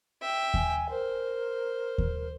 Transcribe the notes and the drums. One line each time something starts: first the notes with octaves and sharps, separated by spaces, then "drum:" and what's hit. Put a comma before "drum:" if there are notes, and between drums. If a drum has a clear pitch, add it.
E5 G5
G#5, drum: kick D#2
A#4 C5
drum: kick D#2